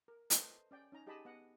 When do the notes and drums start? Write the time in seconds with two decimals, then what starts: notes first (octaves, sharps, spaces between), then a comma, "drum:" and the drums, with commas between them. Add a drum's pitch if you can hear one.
0.08 A#4
0.30 A4 B4 C5 D#5, drum: hi-hat
0.71 C#4 D5 G5
0.92 C#4 D#4 A#5
1.06 D#4 G4 G#4 D#5 A5 B5
1.25 B3 D#5 F#5